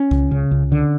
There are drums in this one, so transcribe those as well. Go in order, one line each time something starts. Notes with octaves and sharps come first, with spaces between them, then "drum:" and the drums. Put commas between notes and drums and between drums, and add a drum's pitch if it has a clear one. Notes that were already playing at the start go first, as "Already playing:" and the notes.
Already playing: C#4
C#2, drum: kick C2
C#3
C#2
D3